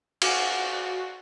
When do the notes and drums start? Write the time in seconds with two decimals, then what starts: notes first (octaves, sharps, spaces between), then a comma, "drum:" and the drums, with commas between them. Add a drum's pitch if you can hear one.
0.22 F#4 F5 F#5 G#5 D6 F6, drum: cymbal